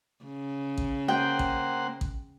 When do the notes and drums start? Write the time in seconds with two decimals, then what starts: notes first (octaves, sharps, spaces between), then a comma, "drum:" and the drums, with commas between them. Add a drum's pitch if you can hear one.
0.24 C#3
0.78 drum: kick A1
1.08 A#3 C5 F#5 G5
1.39 drum: kick A1
2.01 drum: kick A1